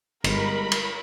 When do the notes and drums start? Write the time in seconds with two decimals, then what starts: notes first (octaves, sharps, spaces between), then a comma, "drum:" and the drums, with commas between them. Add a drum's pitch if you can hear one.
0.24 G1 G3 G#3 D#4 A#4 B5, drum: cymbal
0.72 drum: cymbal